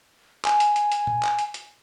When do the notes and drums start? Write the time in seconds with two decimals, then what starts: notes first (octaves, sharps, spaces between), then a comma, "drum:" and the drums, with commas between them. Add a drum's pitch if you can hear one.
0.45 G#5, drum: clap
0.60 drum: hi-hat
0.76 drum: hi-hat
0.92 drum: hi-hat
1.07 drum: tom
1.23 drum: clap
1.39 drum: hi-hat
1.54 drum: hi-hat